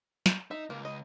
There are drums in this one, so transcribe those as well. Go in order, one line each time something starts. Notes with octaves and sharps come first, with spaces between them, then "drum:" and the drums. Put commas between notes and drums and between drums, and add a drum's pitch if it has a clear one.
drum: snare
D#4 E5
C#2 A#3
D#5